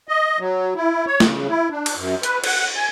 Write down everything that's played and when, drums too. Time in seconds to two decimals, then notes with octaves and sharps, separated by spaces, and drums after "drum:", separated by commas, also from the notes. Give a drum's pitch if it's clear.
0.09 D#5
0.39 F#3
0.76 E4
1.07 C#5
1.20 C#3, drum: snare
1.49 E4
1.70 D4
1.86 drum: cymbal
1.97 F#2
2.23 B4, drum: hi-hat
2.44 F#5, drum: cymbal
2.77 G#5